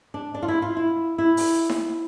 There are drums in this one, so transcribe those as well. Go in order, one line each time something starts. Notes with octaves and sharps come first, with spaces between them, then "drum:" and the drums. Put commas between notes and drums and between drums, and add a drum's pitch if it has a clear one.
D4
D4
F4
E4
F4
E4
E4
drum: open hi-hat
drum: snare D#4